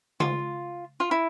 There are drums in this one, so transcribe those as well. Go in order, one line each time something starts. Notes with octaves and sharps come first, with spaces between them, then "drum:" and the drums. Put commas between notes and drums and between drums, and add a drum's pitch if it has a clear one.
F4, drum: tom C#3
F4
E4